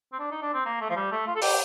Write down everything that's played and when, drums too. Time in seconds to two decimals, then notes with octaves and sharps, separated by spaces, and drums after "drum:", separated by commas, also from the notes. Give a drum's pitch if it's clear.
0.13 C4
0.19 D4
0.31 D#4
0.42 D4
0.54 C4
0.66 A#3
0.81 A3
0.90 F3
0.96 G3
1.12 A3
1.27 F4
1.36 A4
1.42 G4, drum: open hi-hat